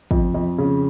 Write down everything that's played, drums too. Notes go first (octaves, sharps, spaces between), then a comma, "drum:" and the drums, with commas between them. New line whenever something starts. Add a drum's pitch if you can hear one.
F2, drum: kick
F2
C#3